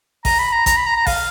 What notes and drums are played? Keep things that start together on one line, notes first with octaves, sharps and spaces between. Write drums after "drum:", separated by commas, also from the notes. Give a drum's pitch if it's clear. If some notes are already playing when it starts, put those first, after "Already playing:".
A#5, drum: kick A1, open hi-hat
B5
A#5
A#5, drum: kick A1, hi-hat
B5
A#5
A#5
F5, drum: kick A1, open hi-hat